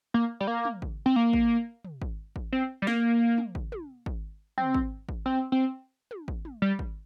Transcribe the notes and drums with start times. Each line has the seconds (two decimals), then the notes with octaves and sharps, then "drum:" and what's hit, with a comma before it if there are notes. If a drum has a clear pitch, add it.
0.14 A#3
0.40 G3
0.47 A#3
0.65 drum: tom
0.82 drum: kick
1.06 C4
1.16 A#3
1.33 drum: kick
1.85 drum: tom
2.02 drum: kick
2.36 drum: kick
2.52 C4
2.82 G3
2.87 A#3, drum: snare
3.38 drum: tom
3.55 drum: kick
3.72 drum: tom
4.06 drum: kick
4.58 C4, drum: tom
4.74 drum: kick
5.09 drum: kick
5.26 C4
5.52 C4
6.11 drum: tom
6.28 drum: kick
6.45 drum: tom
6.62 G3
6.79 drum: kick